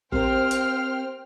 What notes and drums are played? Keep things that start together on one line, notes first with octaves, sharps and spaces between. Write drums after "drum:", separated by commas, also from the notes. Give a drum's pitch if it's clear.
C4 G4 A#4 C5 F5 G5 F6, drum: kick
drum: hi-hat